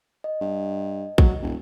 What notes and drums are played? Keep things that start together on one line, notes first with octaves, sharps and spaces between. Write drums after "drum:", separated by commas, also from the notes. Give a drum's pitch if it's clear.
D#5
G2
F#3, drum: kick
E1